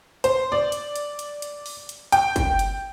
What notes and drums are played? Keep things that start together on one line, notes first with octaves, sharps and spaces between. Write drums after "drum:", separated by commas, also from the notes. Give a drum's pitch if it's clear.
C5, drum: hi-hat
D5
drum: hi-hat
drum: hi-hat
drum: hi-hat
drum: hi-hat
drum: open hi-hat
drum: hi-hat
G5, drum: hi-hat
drum: kick, hi-hat
drum: hi-hat